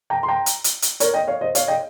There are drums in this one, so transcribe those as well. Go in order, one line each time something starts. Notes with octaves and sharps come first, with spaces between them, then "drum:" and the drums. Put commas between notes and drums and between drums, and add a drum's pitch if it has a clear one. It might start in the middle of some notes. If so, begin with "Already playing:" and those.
G5 A#5
C6
G5 A#5
drum: hi-hat
drum: hi-hat
drum: hi-hat
A#4 C#5, drum: hi-hat
D#5 G5
C#5 F5
C5 D#5
C#5 F5, drum: hi-hat
D#5 G5